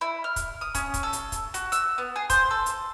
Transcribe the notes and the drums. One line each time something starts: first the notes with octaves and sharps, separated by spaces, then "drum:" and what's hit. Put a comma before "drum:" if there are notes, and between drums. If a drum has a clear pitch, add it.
E4
F6
drum: kick, hi-hat
D#6
C#4, drum: kick, hi-hat
drum: kick, hi-hat
A4
drum: hi-hat
drum: kick, hi-hat
F#4, drum: hi-hat
E6, drum: hi-hat
B3
G#4
C5, drum: kick, hi-hat
A4
drum: hi-hat